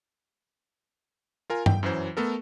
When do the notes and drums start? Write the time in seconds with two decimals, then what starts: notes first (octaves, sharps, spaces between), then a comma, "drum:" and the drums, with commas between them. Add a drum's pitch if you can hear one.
1.50 F4 A#4 G#5
1.66 G5, drum: tom G2
1.83 F#2 E3 F#3 C5
2.17 A3 B3 A4 A#4